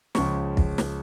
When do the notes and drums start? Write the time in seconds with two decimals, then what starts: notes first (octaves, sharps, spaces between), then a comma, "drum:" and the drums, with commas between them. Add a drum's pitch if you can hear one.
0.15 C#2 C#3 F3 C#6, drum: snare
0.57 drum: kick
0.78 drum: snare